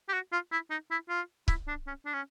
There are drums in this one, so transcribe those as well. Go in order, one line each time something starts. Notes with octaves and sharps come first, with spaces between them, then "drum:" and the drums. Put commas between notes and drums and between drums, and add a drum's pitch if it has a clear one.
G4
F#4
F4
E4
D#4
E4
F4
E4, drum: kick C#1
D4
C#4
D4
C#4